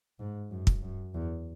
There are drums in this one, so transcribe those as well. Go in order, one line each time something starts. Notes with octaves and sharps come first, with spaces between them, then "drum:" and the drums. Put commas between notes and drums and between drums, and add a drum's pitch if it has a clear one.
G#2
F#2
drum: kick
F#2
E2